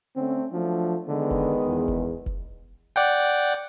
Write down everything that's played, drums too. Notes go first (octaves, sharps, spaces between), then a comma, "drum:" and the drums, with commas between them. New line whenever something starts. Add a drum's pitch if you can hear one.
D3 A3 C4 C#4
F3 F#3 A3 D4
D3 D#3 G#3 B3
drum: kick
E2
drum: kick
drum: kick
D5 F#5 G5